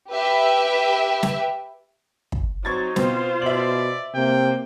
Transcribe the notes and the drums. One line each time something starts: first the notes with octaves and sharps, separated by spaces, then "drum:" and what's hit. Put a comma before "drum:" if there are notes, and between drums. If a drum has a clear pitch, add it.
G4 B4 E5 G5
drum: snare
drum: kick
F#3 C4 D#4 C#6 G#6 A6
B2 C4 F4 C5, drum: snare
B2 D5 E5 F#7
C3 A#3 G5